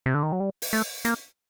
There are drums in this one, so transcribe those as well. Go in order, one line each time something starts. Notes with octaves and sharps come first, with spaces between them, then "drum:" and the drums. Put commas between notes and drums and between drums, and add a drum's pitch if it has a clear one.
C3
D3
D#3
F#3
G3
drum: open hi-hat
A3
A#3, drum: hi-hat